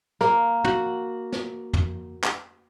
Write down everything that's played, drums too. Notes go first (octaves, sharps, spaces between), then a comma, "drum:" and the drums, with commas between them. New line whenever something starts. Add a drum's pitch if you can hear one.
A#3, drum: snare
F#4, drum: tom
drum: snare
drum: tom
drum: clap